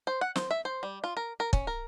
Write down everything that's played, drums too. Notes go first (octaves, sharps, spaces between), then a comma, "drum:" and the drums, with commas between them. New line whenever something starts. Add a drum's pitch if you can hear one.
C5
F#5
C5, drum: snare
E5
C5
G3
F4
A#4
A#4
C#4, drum: kick
A#4